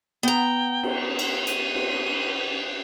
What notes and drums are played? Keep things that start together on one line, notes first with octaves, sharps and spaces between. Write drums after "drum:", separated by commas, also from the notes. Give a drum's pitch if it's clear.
B3 G5 A#5
drum: cymbal
drum: cymbal
D#7, drum: hi-hat
drum: cymbal